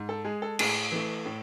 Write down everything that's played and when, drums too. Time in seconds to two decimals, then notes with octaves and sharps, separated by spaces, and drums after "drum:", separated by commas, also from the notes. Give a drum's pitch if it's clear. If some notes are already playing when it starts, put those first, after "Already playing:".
Already playing: G#2
0.09 A4
0.24 G#3 G#4
0.42 A4
0.59 A2 G#4, drum: cymbal
0.92 E3 A3
1.26 A2